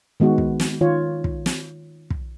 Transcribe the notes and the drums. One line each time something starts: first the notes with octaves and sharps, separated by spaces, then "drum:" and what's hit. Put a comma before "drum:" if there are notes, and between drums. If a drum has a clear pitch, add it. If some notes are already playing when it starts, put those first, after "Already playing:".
D#3 G#3 B3 F#4
drum: kick
drum: snare
D#3 F4 C#5
drum: kick
drum: snare
drum: kick